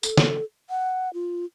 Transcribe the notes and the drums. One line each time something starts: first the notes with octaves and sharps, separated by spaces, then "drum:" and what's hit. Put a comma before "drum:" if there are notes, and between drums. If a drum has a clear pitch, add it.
A4, drum: tambourine
drum: snare
F#5
F4